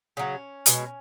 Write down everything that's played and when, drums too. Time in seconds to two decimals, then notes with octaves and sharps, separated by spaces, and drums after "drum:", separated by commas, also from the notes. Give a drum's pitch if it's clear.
0.17 C#3 F#3 C#4
0.66 B2 G#3, drum: hi-hat